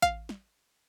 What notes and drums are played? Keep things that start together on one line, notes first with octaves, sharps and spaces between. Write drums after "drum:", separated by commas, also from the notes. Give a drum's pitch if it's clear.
F5, drum: kick A1
drum: snare